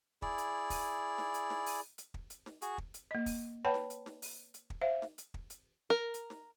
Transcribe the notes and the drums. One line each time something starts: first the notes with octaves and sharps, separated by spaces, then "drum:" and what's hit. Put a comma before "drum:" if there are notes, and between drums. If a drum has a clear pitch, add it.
E4 G#4 D5, drum: kick
drum: hi-hat
drum: kick, open hi-hat
drum: snare
drum: hi-hat
drum: snare
drum: open hi-hat
drum: hi-hat
drum: kick
drum: hi-hat
drum: snare
F#4 G#4, drum: hi-hat
drum: kick
drum: hi-hat
A#3 D#5
drum: kick, open hi-hat
B4 C#5 F#5 G5 A5 B5
drum: snare
drum: hi-hat
drum: snare
drum: open hi-hat
drum: hi-hat
drum: kick
C5 E5 F5
drum: snare
drum: hi-hat
drum: kick
drum: hi-hat
A#4
drum: hi-hat
drum: snare